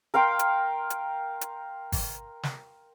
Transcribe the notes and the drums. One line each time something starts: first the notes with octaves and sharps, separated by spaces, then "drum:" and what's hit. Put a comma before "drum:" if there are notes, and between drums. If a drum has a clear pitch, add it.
A#4 F5 G5 C6
drum: hi-hat
drum: hi-hat
drum: hi-hat
drum: kick G#1, open hi-hat
drum: snare